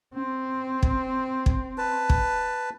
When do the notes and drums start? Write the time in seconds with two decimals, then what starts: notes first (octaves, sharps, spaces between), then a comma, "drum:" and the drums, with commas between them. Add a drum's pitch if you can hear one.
0.15 C4
0.83 drum: kick
1.46 drum: kick
1.78 B4 A5
2.10 drum: kick